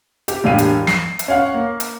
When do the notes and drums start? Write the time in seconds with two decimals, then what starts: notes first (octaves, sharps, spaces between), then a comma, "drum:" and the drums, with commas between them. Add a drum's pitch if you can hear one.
0.28 G4, drum: hi-hat
0.44 E1 A2 D4 G4 F5 D#7
0.58 drum: hi-hat
0.87 C7, drum: snare
1.19 drum: hi-hat
1.28 C#4 C#5 F5 F#5
1.54 A#3
1.80 drum: hi-hat